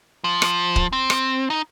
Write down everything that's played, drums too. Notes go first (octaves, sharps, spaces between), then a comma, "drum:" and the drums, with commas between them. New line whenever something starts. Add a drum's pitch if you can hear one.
F3
drum: rim click
drum: kick
C4
drum: rim click
D#4